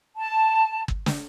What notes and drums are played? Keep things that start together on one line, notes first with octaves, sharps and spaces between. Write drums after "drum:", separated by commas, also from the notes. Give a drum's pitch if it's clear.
A5
drum: kick G1
drum: snare